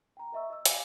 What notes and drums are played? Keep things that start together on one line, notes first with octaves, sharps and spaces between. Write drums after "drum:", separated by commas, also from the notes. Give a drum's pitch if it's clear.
G5 A#5
A#4 D#5 E5 C#6 E6
D#5 E6
F5 G#5 D6, drum: hi-hat